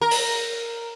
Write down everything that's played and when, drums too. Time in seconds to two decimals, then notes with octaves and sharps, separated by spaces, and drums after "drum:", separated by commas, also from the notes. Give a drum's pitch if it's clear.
0.01 A#4
0.11 drum: open hi-hat